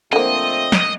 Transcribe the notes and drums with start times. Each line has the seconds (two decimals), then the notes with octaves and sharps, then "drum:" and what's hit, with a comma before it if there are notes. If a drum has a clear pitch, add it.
0.13 D3 F3 A3 A#3 C4 D#5
0.72 drum: snare